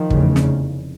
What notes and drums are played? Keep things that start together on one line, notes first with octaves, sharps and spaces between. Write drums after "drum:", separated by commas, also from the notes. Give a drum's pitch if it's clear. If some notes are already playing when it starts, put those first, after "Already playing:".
Already playing: D#3 F3
F1 E2 C#3, drum: kick
drum: snare